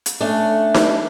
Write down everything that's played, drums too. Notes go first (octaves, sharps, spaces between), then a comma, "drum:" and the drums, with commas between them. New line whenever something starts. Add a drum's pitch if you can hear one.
drum: hi-hat
A3 C#4 D4
drum: snare D#4